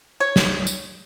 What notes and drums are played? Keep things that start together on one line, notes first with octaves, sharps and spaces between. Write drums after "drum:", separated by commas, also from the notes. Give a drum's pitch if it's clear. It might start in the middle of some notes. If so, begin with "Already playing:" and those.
C#5
drum: snare
drum: tambourine